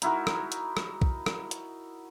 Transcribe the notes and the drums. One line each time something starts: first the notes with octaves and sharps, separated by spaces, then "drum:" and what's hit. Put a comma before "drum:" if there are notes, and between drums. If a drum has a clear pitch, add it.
D#4 E4 F#4 A#4, drum: hi-hat
drum: rim click
drum: hi-hat
drum: rim click
drum: kick
drum: rim click
drum: hi-hat